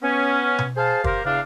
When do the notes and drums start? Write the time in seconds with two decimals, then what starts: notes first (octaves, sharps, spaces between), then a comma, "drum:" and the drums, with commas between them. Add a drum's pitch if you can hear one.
0.03 B3 C#4
0.59 drum: tom B2
0.77 G#4 C5 F5 A5
1.04 A#3 G4 A#4 C5, drum: kick
1.25 E2 C#3 D4 F5